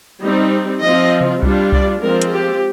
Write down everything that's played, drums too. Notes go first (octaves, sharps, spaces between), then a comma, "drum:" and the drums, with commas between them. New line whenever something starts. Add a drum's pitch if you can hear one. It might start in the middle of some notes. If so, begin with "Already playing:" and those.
G3 C4 D#4
F3 C4 F4 D#5
drum: tom C3
G3 D4 F4, drum: kick C2
D5, drum: kick C2
F3 G#3 C4 F4 A#4
drum: hi-hat
G4